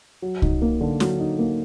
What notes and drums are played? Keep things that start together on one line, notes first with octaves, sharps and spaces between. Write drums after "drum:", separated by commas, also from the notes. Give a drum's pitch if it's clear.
F#3
D#4, drum: kick C2
A#3
D3
F#3, drum: snare
D#4
A#3